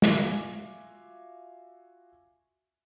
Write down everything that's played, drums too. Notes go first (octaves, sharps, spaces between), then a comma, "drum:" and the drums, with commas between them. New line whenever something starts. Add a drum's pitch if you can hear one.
F4 F#4 E5 F5 G#5 D6, drum: snare